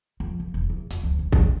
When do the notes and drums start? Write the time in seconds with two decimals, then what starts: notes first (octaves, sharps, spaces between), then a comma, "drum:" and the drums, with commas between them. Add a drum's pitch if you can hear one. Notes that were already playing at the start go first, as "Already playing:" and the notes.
0.20 F2
0.40 C#3
0.54 E1
0.70 E2
0.90 F2, drum: hi-hat
1.03 D2
1.19 E1
1.32 A#3, drum: kick
1.46 D#3